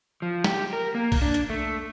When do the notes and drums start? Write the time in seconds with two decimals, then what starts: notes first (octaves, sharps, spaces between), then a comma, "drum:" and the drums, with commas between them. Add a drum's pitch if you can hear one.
0.22 F3
0.44 G4, drum: snare
0.73 A#4
0.95 A#3
1.12 drum: kick B1, open hi-hat
1.22 D4
1.34 drum: hi-hat
1.50 A3